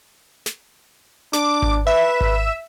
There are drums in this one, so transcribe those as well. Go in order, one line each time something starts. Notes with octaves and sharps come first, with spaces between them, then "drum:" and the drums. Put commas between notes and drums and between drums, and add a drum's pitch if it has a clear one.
drum: snare
D4 D6, drum: snare
drum: kick G#1
B4 E5
drum: kick G#1